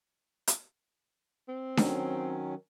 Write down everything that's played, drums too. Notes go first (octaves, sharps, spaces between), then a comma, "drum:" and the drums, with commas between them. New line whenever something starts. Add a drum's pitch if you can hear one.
drum: hi-hat
C4
D#3 F#3 C#4, drum: snare D4